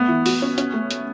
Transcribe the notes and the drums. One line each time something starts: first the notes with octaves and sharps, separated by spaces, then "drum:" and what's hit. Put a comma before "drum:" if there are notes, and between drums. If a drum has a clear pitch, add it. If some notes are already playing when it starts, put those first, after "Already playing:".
Already playing: A3 B3
E3
F#4, drum: open hi-hat
C#4
C#4, drum: hi-hat
A3
drum: hi-hat